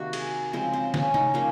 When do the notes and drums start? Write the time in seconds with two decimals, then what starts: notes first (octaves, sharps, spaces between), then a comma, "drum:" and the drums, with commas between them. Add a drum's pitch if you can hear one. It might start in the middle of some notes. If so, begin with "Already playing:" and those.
Already playing: C3 D#3 A#3 D#4 F#4
0.13 G#4, drum: cymbal
0.53 C#3 F3 G#3 C4
0.73 C4
0.94 C#4, drum: snare
1.14 D#4, drum: tom C3
1.34 C#3 F3 A#3 C#4